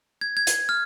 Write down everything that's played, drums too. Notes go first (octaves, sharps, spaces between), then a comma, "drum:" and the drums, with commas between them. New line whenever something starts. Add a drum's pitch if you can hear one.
G#6
G#6
drum: hi-hat
F6